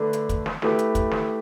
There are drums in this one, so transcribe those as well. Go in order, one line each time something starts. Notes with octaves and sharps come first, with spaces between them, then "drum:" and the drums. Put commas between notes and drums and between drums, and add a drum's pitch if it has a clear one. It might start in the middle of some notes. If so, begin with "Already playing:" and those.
Already playing: D3 A3 D4 B4
drum: hi-hat
drum: kick, hi-hat
drum: snare
A3 E4 G4 B4, drum: snare
drum: hi-hat
drum: kick, hi-hat
drum: snare